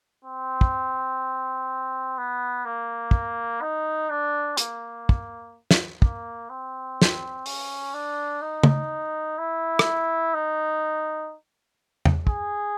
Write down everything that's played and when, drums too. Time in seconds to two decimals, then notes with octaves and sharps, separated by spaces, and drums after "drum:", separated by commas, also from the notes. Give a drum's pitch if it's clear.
0.25 C4
0.61 drum: kick
2.17 B3
2.65 A#3
3.11 drum: kick
3.62 D#4
4.10 D4
4.57 A#3, drum: hi-hat
5.09 drum: kick
5.71 drum: snare
6.02 A#3, drum: kick
6.50 C4
7.02 drum: snare
7.46 C#4, drum: open hi-hat
7.94 D4
8.42 D#4
8.63 drum: tom C#3
9.38 E4
9.79 drum: rim click
10.34 D#4
12.05 drum: tom
12.27 G#4, drum: kick